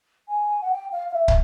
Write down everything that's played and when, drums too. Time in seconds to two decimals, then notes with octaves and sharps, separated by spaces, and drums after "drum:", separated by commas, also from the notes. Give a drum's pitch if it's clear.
0.28 G#5
0.62 F#5
0.71 G5
0.92 F5
1.09 F5
1.14 E5
1.28 drum: kick